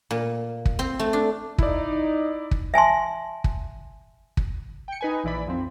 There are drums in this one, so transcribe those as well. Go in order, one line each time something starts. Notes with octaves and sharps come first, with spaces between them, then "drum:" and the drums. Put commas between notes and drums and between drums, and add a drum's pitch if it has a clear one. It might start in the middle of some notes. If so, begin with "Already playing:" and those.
A#2
drum: kick
C4
A3
D4
D#4 E4 D5, drum: kick
drum: kick
E5 G#5 A5 C6
drum: kick
drum: kick
G5 C#7
D#4 B4 G#5
A#1 E3 E4 D5 B5
F2 F3 C4